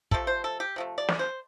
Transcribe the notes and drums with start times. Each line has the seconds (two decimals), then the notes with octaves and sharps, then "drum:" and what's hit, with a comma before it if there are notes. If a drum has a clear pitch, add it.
0.11 C3 F3 A3 A4, drum: kick
0.27 C5
0.44 A4
0.60 G4
0.76 C3 F3 A3
0.98 D5
1.09 drum: snare
1.19 C5